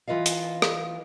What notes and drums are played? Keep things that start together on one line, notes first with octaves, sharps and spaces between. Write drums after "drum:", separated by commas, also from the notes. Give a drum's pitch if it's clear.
E3 F4 B4 D#5 F5
drum: hi-hat
drum: rim click